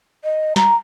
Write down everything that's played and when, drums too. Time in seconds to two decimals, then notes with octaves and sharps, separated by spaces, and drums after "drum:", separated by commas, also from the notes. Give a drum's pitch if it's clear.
0.24 D#5
0.56 A#5, drum: snare